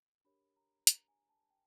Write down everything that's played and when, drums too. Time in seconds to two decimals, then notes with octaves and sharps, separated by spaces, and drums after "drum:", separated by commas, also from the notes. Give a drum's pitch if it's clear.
0.25 D4 G4 A#4 C#5 B5
0.56 A#5
0.87 A#5, drum: hi-hat
1.08 G#5
1.29 A5
1.50 G5